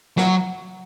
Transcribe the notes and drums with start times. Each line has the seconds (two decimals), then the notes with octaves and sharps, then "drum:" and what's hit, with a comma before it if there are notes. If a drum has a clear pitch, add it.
0.17 F#3, drum: snare